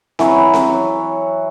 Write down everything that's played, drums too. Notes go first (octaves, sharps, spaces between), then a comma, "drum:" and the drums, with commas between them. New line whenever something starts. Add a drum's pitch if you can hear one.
E3 F#3 C#5, drum: snare C4
drum: snare C4